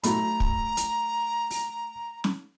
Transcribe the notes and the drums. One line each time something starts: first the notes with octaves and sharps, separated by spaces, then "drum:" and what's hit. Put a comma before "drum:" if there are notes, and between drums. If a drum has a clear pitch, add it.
F#3 A3 A#5 B5, drum: hi-hat
drum: kick
drum: hi-hat
drum: open hi-hat
drum: snare